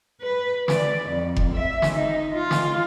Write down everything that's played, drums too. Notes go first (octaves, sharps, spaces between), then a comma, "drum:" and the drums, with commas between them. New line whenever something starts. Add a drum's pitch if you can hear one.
B4
D5, drum: snare
F2
drum: kick F1
E5
drum: snare
D#4
F4
drum: snare